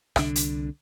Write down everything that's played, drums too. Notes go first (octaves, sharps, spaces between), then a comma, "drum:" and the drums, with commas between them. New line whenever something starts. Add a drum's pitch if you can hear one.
C2 D3 D4, drum: rim click
drum: hi-hat